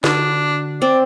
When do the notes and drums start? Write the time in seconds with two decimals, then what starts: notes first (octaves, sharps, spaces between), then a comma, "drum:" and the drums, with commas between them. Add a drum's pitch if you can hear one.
0.04 D3 D4 F#4, drum: snare
0.82 C4 D5